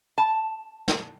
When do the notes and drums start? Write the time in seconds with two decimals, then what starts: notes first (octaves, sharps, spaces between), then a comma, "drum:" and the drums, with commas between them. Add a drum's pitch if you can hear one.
0.18 A5
0.88 drum: snare